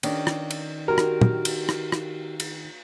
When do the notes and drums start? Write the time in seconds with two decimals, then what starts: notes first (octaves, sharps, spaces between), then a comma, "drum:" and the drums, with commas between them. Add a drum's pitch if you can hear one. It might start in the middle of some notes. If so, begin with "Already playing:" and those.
0.03 D#3 C#4 D4, drum: cymbal
0.27 drum: rim click
0.51 drum: cymbal
0.88 F#4 G4 A#4
0.98 drum: rim click
1.21 drum: tom
1.45 drum: cymbal
1.69 drum: rim click
1.92 drum: rim click
2.40 drum: cymbal